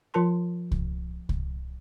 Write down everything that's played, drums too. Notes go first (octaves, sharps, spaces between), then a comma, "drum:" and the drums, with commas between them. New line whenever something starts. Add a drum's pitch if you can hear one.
F3 F4 A#4 A5 C6
drum: kick C2
drum: kick C2